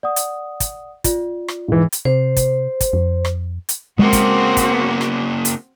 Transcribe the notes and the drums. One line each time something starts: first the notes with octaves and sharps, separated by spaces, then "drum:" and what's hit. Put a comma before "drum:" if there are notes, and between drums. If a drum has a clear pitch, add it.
D5 F#5 D#6
drum: hi-hat
drum: kick, hi-hat
F4 D5, drum: kick, hi-hat
drum: rim click
G#2 E3
drum: hi-hat
C3 C5
drum: kick, hi-hat
drum: kick, hi-hat
F2
drum: rim click
drum: hi-hat
C#3 G#3 A#3 C4 F#4
drum: kick, hi-hat
drum: kick, hi-hat
drum: rim click
drum: hi-hat